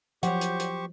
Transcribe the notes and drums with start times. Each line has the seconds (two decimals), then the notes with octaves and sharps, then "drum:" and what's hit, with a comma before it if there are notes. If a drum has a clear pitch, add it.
0.23 F3 F#3 G4 C5 C#5 F#5 C#6, drum: hi-hat
0.41 drum: hi-hat
0.60 drum: hi-hat